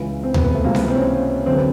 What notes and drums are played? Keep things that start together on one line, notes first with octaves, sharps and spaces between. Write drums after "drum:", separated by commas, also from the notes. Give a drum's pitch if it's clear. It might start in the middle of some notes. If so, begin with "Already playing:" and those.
Already playing: C#2 C#3 E3
C4
B3, drum: tom D2
B3
A3
C#2 C3 E3 A#3
B3, drum: snare C4
C4
C#4
F#2 D3 C4
B3